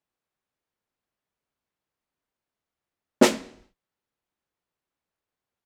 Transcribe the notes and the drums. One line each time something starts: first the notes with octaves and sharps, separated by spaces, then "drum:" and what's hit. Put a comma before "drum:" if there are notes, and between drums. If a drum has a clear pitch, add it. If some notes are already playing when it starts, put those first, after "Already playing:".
D#3
D#4
B4
G#3
C3
F#4
B3
F5
drum: snare
G3
G#3
C#4
C#4
D3
F#4